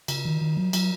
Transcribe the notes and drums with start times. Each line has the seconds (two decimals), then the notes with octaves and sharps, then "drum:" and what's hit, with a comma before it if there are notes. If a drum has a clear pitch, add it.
0.08 C#3, drum: cymbal
0.25 D#3
0.41 D#3
0.57 F#3
0.73 F#3, drum: cymbal